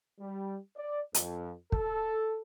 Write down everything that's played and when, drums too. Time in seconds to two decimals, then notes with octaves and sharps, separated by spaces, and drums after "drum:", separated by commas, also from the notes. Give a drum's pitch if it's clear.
0.20 G3
0.77 D5
1.14 F2, drum: hi-hat
1.72 A4, drum: kick